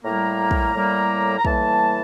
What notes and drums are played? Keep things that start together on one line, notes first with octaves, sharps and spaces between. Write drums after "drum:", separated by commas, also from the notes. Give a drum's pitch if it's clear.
A2 G3 A#3 A#5
drum: kick
A2 G3 A#3
A#5
A2 E3 G3 A#3 A5, drum: kick